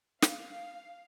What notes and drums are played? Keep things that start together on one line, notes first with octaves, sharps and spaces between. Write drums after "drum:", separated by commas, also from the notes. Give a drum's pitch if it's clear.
F5, drum: snare